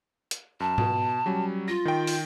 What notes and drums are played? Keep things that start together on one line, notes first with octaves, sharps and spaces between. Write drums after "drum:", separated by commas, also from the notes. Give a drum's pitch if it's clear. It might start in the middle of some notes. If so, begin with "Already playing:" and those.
drum: hi-hat
F#2 A5
B2, drum: tom G#2
F#3 G3 C#4
F4 A#6
D#3 G5
drum: open hi-hat